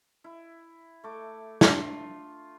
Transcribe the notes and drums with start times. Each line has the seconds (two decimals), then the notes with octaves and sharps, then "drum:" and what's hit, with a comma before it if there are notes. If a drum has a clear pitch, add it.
0.24 E4
1.04 A3 D6
1.61 D4 F4, drum: snare